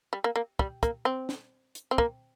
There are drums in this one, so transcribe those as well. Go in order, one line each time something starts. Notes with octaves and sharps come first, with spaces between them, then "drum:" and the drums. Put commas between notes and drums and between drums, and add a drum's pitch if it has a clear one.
G3
A#3
A#3
G3, drum: kick
A#3, drum: kick, hi-hat
C4
drum: snare
drum: hi-hat
C4
A#3, drum: kick